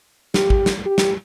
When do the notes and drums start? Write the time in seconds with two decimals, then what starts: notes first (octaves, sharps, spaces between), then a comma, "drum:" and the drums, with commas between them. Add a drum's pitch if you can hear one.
0.34 G4, drum: snare
0.50 drum: kick
0.66 drum: snare
0.86 G4
0.98 drum: snare